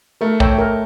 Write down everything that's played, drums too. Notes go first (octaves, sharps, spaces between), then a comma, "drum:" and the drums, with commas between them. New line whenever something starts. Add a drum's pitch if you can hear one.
A3 A#4
C#5 E5 G5 A#5, drum: kick
A#4